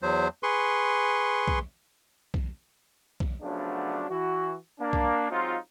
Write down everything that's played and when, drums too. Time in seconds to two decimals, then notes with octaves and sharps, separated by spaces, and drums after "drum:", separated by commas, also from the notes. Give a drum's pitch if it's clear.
0.02 E2 F#3 C5
0.43 G#4 B4 C6 C#6
1.48 drum: kick B1
2.34 drum: kick B1
3.20 drum: kick B1
3.42 C#3 F3 F#3 A3 B3 D4
4.10 E3 F#4
4.80 A#3 D4
4.93 drum: kick B1
5.31 F#3 G#3 C4 D#4 F4